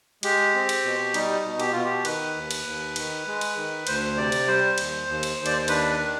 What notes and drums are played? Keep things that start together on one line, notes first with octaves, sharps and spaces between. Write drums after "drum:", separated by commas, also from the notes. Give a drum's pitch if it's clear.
G#3 G4, drum: cymbal
C4
drum: cymbal
B2
G3 D#4, drum: cymbal
B2
G4, drum: cymbal
B2 F4
G4
D#3 B4, drum: cymbal
D#2
drum: cymbal
D#2
D#3, drum: cymbal
G#3
drum: cymbal
D#3
D2 C5, drum: cymbal
C3 D5
drum: cymbal
G3 C5
D#2, drum: cymbal
D#2
drum: cymbal
D#2
D5, drum: cymbal
C5
D4 B4, drum: cymbal
D#3